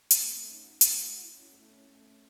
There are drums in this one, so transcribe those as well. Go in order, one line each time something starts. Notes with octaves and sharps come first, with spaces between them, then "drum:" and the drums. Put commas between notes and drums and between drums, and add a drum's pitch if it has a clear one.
A3 C4, drum: hi-hat
A3
C#4 D#4
F#4
A3 E4, drum: hi-hat
F#4
F#4
C#4
A3
C#4
A3
C#4